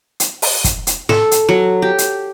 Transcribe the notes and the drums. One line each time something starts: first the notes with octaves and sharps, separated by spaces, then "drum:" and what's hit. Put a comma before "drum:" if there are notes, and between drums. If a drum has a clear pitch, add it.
drum: hi-hat
drum: open hi-hat
drum: kick, hi-hat
drum: hi-hat
A4, drum: snare
drum: hi-hat
F#3
G4
drum: hi-hat